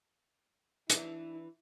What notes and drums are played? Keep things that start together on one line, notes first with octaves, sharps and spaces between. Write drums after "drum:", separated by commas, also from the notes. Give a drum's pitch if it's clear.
E3 D4 E4, drum: hi-hat